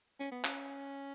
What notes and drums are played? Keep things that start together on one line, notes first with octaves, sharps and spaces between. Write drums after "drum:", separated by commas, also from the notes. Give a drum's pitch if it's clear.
C#4
B3
C#4, drum: clap